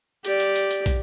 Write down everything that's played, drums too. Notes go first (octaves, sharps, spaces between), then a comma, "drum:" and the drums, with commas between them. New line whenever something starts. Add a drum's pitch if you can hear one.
G4 D5, drum: hi-hat
drum: hi-hat
drum: hi-hat
drum: hi-hat
drum: kick, hi-hat